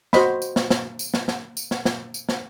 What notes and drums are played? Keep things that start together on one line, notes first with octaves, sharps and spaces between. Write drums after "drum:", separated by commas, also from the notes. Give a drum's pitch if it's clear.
F#4 C5 D#5 B5, drum: snare
drum: tambourine
drum: snare
drum: snare
drum: tambourine
drum: snare
drum: snare
drum: tambourine
drum: snare
drum: snare
drum: tambourine
drum: snare